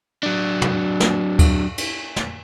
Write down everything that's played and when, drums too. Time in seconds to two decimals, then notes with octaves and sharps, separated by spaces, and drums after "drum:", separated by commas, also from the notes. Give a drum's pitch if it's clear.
0.23 F#3 D4
0.62 drum: tom
1.00 drum: snare
1.39 drum: kick D2, cymbal
1.78 drum: cymbal
2.16 drum: snare